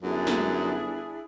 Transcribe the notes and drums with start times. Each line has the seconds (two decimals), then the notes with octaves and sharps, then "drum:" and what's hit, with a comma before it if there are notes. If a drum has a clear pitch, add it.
0.03 G1 F#2 D4 E4 G#4
0.27 drum: snare